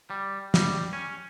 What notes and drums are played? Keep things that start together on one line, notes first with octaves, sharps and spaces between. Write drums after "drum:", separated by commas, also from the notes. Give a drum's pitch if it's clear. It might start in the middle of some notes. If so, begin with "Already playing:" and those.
G3
G3, drum: snare
C#4